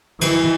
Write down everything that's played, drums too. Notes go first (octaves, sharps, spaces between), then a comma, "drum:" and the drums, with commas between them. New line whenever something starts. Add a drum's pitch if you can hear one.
E3, drum: cymbal